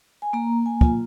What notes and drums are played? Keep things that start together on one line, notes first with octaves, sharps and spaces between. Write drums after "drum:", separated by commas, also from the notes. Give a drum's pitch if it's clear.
G#5
A#3 A#5
G#5
F4, drum: kick